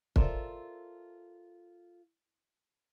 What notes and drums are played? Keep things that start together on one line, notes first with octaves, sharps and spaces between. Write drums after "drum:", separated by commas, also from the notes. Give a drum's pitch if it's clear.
F4 A4 A#4 C5 D5 E5, drum: kick